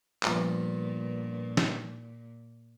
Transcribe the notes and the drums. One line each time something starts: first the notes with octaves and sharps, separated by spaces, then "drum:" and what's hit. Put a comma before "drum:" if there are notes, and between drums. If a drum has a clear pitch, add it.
G2 A#2 F3 B3, drum: clap
drum: snare